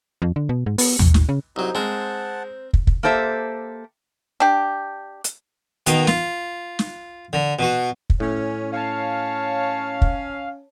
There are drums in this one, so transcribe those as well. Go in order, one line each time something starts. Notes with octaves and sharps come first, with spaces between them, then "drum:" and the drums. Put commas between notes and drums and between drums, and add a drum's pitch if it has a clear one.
F2
D3
B2
G#2
B3, drum: open hi-hat
A#1, drum: tom D#2
G#1, drum: snare
C#3
C2 F#3 D#4 C5
G#3 C4 A#4 F#5 A5
drum: kick
drum: kick
A#3 G4 A4 C5 E5
D4 G4
drum: hi-hat
B2 D#3, drum: hi-hat
F4, drum: snare
drum: snare
D3
B2 F#4
drum: kick
A2 C#4
C#4 C#5 F5 A5
drum: kick